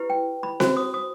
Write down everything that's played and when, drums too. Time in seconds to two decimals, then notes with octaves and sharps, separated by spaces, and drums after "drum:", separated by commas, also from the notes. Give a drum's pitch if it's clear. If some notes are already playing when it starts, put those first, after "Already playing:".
Already playing: E4 G4 B4
0.10 G5
0.43 B5
0.60 F#4 C5, drum: snare C4
0.77 D#6
0.94 D#6